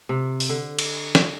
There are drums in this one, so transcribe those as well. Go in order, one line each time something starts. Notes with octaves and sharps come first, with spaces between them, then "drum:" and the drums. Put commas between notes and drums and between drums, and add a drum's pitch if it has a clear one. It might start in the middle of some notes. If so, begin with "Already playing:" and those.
C3
drum: open hi-hat
D3
drum: cymbal
drum: snare